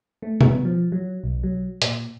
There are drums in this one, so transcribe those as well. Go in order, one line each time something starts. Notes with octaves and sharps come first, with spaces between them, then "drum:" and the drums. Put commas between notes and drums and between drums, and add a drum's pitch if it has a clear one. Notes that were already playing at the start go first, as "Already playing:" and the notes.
A3
B3, drum: tom B2
F3
F#3
B1
F#3
A#2, drum: hi-hat